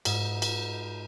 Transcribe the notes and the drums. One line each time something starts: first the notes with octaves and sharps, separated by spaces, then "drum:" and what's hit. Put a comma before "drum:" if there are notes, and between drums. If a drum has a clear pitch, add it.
G#2, drum: cymbal
drum: cymbal